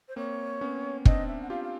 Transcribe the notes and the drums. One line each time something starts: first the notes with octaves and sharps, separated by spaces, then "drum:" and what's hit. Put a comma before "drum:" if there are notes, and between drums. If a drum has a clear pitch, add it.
C5
A#3 C4 C#5
B3 C#4
C4 D4 D#5, drum: kick
E5
F#5
F4 G4 F5
F5